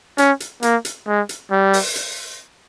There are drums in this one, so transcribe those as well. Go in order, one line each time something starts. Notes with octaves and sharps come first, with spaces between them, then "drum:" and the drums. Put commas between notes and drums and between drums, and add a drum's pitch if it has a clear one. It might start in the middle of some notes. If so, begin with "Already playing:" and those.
C#4, drum: hi-hat
drum: hi-hat
A#3, drum: hi-hat
drum: hi-hat
G#3
drum: hi-hat
G3
drum: open hi-hat
drum: hi-hat